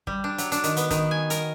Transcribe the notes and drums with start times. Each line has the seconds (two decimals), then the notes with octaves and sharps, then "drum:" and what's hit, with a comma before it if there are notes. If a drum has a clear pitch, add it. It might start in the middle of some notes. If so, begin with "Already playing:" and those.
0.07 G3, drum: kick
0.24 D4
0.38 F#3, drum: hi-hat
0.52 D4, drum: hi-hat
0.64 D#3, drum: hi-hat
0.77 B3, drum: hi-hat
0.90 D#3, drum: kick, hi-hat
1.11 G#5
1.30 A#4, drum: hi-hat